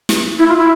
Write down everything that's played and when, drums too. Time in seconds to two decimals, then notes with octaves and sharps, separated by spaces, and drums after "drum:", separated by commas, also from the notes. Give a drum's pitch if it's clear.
0.09 drum: snare
0.38 E4
0.48 F4
0.58 E4